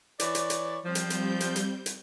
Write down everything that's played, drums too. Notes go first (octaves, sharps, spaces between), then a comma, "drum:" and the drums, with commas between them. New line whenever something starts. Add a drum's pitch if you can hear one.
E3 C#5 D5, drum: hi-hat
drum: hi-hat
drum: hi-hat
F3 G3 C4 G6
drum: hi-hat
drum: hi-hat
drum: hi-hat
drum: hi-hat
drum: hi-hat